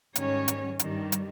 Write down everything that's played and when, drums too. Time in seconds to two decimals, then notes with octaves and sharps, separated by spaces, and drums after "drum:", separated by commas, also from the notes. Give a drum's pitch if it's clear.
0.15 G#2 D#3 G3 C#4 C#5, drum: hi-hat
0.48 drum: hi-hat
0.79 G2 D#3 G3, drum: hi-hat
1.12 drum: hi-hat